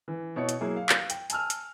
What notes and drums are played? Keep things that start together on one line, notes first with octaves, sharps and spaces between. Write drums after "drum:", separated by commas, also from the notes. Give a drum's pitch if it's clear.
E3
B2 E4 C#5 C#7
drum: hi-hat
F#3 A#3 E4 G#4
F5
drum: clap
G5, drum: hi-hat
G#5 A5 E6 F6, drum: hi-hat
drum: hi-hat